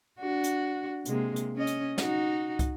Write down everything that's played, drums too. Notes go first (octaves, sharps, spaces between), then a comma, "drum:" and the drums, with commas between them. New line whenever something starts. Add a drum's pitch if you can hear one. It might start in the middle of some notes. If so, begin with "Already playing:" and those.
D4 F#4
drum: hi-hat
C3 G#3 A#3, drum: hi-hat
drum: hi-hat
C#4 D#5
drum: hi-hat
D#4 F#4, drum: snare
drum: kick, hi-hat